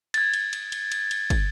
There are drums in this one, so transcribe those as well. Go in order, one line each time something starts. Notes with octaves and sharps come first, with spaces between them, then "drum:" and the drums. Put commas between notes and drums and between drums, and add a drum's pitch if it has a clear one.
G#6 A6, drum: cymbal
drum: cymbal
drum: cymbal
drum: cymbal
drum: cymbal
drum: cymbal
drum: kick, cymbal